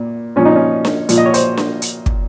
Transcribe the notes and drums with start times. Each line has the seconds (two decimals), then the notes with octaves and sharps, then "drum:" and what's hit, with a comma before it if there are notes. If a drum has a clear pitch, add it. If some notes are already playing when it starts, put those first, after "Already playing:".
Already playing: A#2
0.36 A#2 F3 C#4
0.45 D#4
0.56 C#4
0.85 drum: snare D4
1.09 A#2 F3, drum: hi-hat
1.18 D#5
1.26 C#5
1.34 C5, drum: hi-hat
1.57 drum: snare D4
1.82 drum: hi-hat
2.06 drum: kick